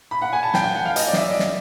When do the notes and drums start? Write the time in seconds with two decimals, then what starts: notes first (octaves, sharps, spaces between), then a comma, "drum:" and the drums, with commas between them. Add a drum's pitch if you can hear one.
0.11 B5
0.22 F#5
0.33 G#5
0.43 A5
0.54 G5, drum: snare
0.64 G5
0.75 F#5
0.85 F5
0.96 D#5, drum: hi-hat
1.08 D5
1.13 D#5, drum: snare
1.18 E5
1.29 D5
1.39 drum: snare